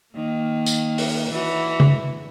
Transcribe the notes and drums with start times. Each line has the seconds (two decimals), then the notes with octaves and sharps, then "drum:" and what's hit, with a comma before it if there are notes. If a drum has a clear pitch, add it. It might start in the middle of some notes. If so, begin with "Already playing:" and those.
0.14 D#3 A#3
0.66 drum: tambourine
0.98 drum: open hi-hat
1.30 E3 F#4
1.80 drum: tom C#3